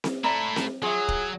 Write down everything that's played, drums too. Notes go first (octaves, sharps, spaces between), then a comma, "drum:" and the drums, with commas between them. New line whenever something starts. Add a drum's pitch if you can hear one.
drum: snare C4
A3 E4 D5 A#5 B5
drum: snare C4
F#3 F4 G#4 E5
drum: kick